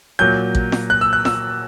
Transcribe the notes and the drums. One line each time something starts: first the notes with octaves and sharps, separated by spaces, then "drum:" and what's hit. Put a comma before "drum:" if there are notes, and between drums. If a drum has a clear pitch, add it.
A#2 F#3 G6
drum: kick A1
drum: snare F4
F#6
E6
F#6
E6, drum: snare F4